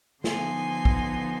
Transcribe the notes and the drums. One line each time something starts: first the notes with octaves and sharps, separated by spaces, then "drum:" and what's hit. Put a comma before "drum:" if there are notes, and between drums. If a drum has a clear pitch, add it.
D3 F3 B3 D#4 G#5 C6, drum: snare
drum: kick